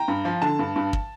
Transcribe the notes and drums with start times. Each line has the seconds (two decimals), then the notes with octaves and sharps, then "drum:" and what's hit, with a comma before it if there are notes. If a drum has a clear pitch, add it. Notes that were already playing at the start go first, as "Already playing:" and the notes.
Already playing: G5 A#5
0.08 G2
0.25 F3
0.42 D3 A5
0.59 G2
0.76 G2
0.93 drum: kick